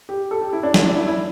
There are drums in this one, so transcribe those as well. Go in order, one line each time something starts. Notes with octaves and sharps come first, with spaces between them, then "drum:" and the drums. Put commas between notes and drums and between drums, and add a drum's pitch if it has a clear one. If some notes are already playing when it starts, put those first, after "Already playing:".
G4
A4
G4
E4
D4
E4, drum: snare
D4
E4
E4